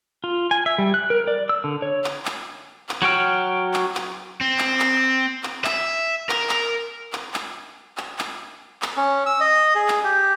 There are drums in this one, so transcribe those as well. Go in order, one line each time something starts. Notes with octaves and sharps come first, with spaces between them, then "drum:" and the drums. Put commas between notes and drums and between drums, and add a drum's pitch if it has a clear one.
F4
G#5
E5
G3
F#6
A#4
D5
E6
D3
C#5
drum: clap
drum: clap
drum: clap
F#3 F#4 G5 F6
drum: clap
drum: clap
C4
drum: clap
drum: clap
drum: clap
E5, drum: clap
A#4, drum: clap
drum: clap
drum: clap
drum: clap
drum: clap
drum: clap
drum: clap
C#4
E6
D#5
G#4
drum: clap
G4